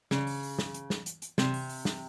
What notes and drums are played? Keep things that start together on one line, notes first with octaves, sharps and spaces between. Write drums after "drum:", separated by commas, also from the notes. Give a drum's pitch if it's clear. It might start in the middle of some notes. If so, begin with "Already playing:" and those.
C#3, drum: snare
drum: open hi-hat
drum: open hi-hat
drum: snare
drum: hi-hat
drum: snare
drum: hi-hat
drum: hi-hat
C3, drum: snare
drum: open hi-hat
drum: open hi-hat
drum: snare